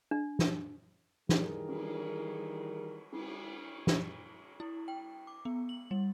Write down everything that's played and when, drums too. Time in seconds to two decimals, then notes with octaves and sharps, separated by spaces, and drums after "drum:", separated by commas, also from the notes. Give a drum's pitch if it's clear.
0.11 D4
0.39 drum: snare
1.29 D#3 E3 G3 G#4 A#4, drum: snare
1.68 drum: cymbal
3.12 drum: cymbal
3.87 drum: snare
4.60 E4
4.88 G5
5.27 D6
5.45 B3
5.69 F#7
5.91 G3